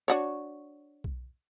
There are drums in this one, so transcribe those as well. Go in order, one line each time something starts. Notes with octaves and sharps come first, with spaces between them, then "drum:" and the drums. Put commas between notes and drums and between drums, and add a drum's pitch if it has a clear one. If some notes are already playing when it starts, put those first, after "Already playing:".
D4 F#4 C#5
drum: kick B1